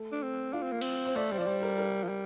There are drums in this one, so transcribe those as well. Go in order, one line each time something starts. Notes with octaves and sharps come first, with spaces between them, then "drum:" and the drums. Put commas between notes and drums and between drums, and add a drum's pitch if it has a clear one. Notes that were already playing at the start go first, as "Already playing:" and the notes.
Already playing: A3
D4
C4
D4 F4
C4
A#3
C4, drum: cymbal
C5
A3 D5
G3 C5
F3 D5
G3 C5
A#4
A#4
F3
G3